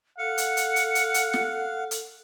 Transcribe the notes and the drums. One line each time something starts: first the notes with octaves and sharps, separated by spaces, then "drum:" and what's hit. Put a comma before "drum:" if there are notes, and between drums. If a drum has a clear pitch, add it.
A4 F5 F#5 C#7
drum: hi-hat
drum: hi-hat
drum: hi-hat
drum: hi-hat
drum: hi-hat
drum: snare
drum: hi-hat